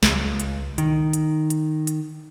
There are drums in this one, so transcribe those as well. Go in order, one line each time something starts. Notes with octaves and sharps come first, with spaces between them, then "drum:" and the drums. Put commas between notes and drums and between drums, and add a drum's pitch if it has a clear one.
C#2, drum: snare
drum: hi-hat
D#3, drum: hi-hat
drum: hi-hat
drum: hi-hat
drum: hi-hat